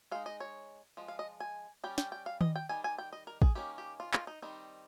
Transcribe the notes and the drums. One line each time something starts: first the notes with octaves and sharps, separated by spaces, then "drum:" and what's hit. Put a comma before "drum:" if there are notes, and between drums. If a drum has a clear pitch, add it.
G#3 D#4 F5
D#5
C#5
F3 G#3
F5
D#5
G#5
G3 C#4 G5
G5, drum: snare
G5
F5
D#5, drum: tom D#3
G5
D#3 G3 G#5
G#5
G5
D#5
A#4
G#4, drum: kick
D#3 A#3 C#4 G4
G4
F4
F4, drum: clap
D#4
D#3 G3 C4 D#4